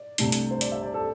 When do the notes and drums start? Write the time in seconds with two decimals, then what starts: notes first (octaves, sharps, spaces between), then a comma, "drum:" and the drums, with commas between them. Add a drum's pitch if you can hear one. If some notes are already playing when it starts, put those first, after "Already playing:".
Already playing: D5
0.18 C2 C3 A3 D4, drum: hi-hat
0.32 drum: hi-hat
0.51 C5
0.61 D5, drum: hi-hat
0.72 E5
0.83 D5
0.94 A4